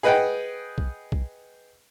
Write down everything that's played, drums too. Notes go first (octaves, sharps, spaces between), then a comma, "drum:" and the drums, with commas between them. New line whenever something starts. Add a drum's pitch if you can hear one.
G#4 B4 D#5 F#5 G5
drum: kick B1
drum: kick B1